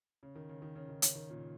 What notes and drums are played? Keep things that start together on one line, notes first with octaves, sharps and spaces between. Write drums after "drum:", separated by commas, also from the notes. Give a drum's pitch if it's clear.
C#3
D#3
C#3
D#3
C#3
D#3
C#3, drum: hi-hat
D#3
A#2 C#3